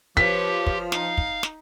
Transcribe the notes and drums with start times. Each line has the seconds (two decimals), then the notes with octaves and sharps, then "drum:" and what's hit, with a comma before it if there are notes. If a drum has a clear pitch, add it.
0.17 F3 G4 B4 C#5 B6, drum: kick
0.67 drum: kick
0.92 D#4 F5, drum: snare
1.18 drum: kick
1.43 drum: snare